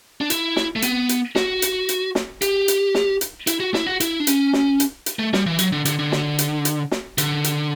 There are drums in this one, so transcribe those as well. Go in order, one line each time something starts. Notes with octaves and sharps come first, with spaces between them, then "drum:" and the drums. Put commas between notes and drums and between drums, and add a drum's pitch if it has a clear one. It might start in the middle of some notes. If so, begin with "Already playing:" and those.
D4
E4, drum: hi-hat
drum: snare
A3
B3, drum: hi-hat
drum: hi-hat
F#4, drum: snare
drum: hi-hat
drum: hi-hat
drum: snare
G4, drum: hi-hat
drum: hi-hat
drum: snare
drum: hi-hat
E4, drum: hi-hat
F#4
E4, drum: snare
F#4
E4, drum: hi-hat
D4
C#4, drum: hi-hat
drum: snare
drum: hi-hat
drum: hi-hat
A3
G3, drum: snare
E3
F#3, drum: hi-hat
D3
D3, drum: hi-hat
D3
drum: snare
drum: hi-hat
drum: hi-hat
drum: snare
D3, drum: hi-hat
drum: hi-hat